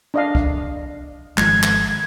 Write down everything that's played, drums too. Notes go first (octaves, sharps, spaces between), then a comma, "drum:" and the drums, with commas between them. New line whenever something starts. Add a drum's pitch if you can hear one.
D4 D#5 F5
drum: kick
G#1 F3 G#3 G#6, drum: clap
drum: clap